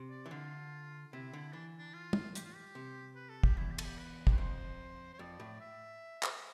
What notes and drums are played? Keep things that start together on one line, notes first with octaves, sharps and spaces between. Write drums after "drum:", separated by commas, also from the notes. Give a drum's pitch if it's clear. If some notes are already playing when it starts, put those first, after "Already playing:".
Already playing: C3
D5
E3
D3 F4
C3 E4
D3
E3 D4
D4
F4
drum: tom
G4, drum: hi-hat
F4
G4
C3
B4
A4
G4, drum: kick
E2 E4
G4
A4, drum: cymbal
G4
B4
G2 B4, drum: kick
F2 C5
C5
F2 D5
A2
E5
drum: clap